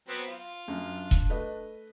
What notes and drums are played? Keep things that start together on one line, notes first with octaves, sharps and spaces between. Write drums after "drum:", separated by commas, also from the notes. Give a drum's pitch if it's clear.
F#3 B3 C4
F4
F#2 D4
drum: kick E1
A3 B4 D#5